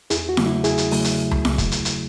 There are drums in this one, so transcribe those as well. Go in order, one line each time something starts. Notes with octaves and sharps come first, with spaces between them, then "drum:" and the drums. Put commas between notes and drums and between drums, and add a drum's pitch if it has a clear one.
E2 E4 G#4, drum: hi-hat
F#4
C#3 F#3 A3, drum: snare E4
E4
E2 E4 G#4, drum: hi-hat
drum: hi-hat
C#3 F#3 A3, drum: open hi-hat
drum: hi-hat
drum: tom C#2
drum: snare E4
drum: kick, hi-hat
drum: hi-hat
drum: hi-hat